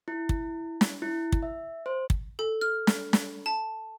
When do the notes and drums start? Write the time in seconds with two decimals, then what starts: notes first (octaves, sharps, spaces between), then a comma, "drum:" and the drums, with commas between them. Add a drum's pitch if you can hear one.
0.08 E4
0.29 drum: kick
0.81 drum: snare
1.02 E4
1.32 drum: kick
1.43 E5
1.86 C5
2.10 drum: kick
2.39 A4
2.61 F6
2.87 drum: snare
3.13 drum: snare
3.46 A5